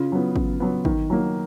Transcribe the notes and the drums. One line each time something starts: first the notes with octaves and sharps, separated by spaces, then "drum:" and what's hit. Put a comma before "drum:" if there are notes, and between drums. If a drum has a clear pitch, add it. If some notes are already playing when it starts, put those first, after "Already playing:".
Already playing: C#3 F4
F#3 B3
C#3, drum: kick
F#3 B3
D#3, drum: kick
F#3 A#3